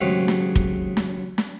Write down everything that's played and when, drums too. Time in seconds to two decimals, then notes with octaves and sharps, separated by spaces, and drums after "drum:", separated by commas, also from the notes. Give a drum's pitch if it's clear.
0.01 D#2 G#2 C#3 F#3 A3 C4
0.28 drum: snare
0.56 drum: kick
0.97 drum: snare
1.38 drum: snare